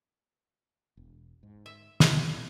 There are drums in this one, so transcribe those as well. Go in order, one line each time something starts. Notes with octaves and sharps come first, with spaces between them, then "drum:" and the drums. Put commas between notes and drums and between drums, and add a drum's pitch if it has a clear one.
E1
G#2
E5
B2, drum: snare